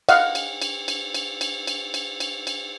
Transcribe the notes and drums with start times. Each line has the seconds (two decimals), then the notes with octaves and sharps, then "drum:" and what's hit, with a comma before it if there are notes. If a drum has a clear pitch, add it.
0.09 D#5 F5 F#5, drum: cymbal
0.35 drum: cymbal
0.62 drum: cymbal
0.88 drum: cymbal
1.14 drum: cymbal
1.41 drum: cymbal
1.67 drum: cymbal
1.94 drum: cymbal
2.20 drum: cymbal
2.47 drum: cymbal